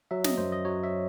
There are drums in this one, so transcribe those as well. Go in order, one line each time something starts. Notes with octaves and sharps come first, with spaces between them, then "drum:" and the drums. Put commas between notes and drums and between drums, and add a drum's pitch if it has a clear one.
F#3 E5
D#5, drum: snare
F#2 C5
D#5
F#3 C#5
E5